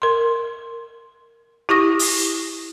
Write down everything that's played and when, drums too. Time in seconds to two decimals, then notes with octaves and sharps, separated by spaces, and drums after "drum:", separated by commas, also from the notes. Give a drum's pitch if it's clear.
0.02 A#4 C6
1.69 E4 G4 C#6 D#6 A#6
1.99 drum: open hi-hat